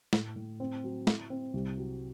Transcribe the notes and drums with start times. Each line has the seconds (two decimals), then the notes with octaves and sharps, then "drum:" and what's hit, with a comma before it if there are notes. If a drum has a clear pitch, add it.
0.13 A2, drum: snare
0.36 A2
0.60 C4
0.84 F#3
1.07 E4, drum: snare
1.30 C4
1.54 C2
1.78 F#3